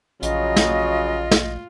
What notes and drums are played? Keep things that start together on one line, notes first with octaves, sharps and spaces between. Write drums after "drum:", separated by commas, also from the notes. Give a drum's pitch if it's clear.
A#1 C#3 F#3 F4 D#5, drum: hi-hat
drum: snare
drum: snare